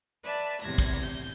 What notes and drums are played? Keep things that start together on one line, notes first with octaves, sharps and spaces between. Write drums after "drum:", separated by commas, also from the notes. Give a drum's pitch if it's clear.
B4 D5 E5 A5
E2 A2 C3 G3 G#6 A#6
drum: kick, cymbal
G6